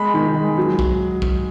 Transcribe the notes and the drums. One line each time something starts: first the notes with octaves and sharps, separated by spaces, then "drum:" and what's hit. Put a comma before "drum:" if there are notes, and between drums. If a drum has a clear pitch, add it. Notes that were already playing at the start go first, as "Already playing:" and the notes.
Already playing: G#3 B5
D#3
G#3
F#3
drum: kick
drum: kick